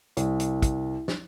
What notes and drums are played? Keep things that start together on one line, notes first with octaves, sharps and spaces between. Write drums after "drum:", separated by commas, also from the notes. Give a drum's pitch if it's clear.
C2, drum: hi-hat
drum: hi-hat
drum: kick, hi-hat
drum: snare